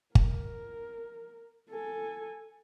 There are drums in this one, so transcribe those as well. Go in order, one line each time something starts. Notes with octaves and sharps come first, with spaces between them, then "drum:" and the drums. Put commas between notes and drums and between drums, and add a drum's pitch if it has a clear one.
A#4, drum: kick G1
A4 G#5